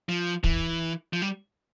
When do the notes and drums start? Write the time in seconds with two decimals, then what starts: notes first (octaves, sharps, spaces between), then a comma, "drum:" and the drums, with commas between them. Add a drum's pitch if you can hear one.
0.09 F3
0.44 E3, drum: kick
1.13 F3
1.22 G3